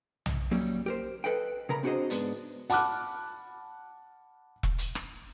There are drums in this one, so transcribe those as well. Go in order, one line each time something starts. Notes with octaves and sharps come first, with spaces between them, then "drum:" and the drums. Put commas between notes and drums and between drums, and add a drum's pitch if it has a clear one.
drum: tom B1
F#3 G3 A#3 C#4, drum: open hi-hat
G4 A#4 C5
A4 B4 D#5 F5 G5
C#3 A#4 A#5 B5
C4 D4 F#4 G#4 C5 D#5
G#2 G#3 B3 D4, drum: hi-hat
F#5 A5 B5 D6 F6 F#6, drum: hi-hat
drum: kick E1
drum: hi-hat
drum: rim click